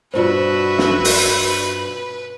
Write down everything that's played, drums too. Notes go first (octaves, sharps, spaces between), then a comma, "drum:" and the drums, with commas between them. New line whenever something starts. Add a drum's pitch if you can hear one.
G2 B2 D4 F4 F#4 B4 C5 E5
drum: snare
drum: open hi-hat